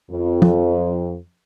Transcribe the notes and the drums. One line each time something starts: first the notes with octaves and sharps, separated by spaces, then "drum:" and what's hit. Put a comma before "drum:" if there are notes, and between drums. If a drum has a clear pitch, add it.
F2
drum: tom